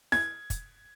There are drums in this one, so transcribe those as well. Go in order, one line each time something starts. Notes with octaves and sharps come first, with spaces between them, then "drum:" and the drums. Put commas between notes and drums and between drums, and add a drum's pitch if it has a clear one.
G#6, drum: snare E4
drum: kick, hi-hat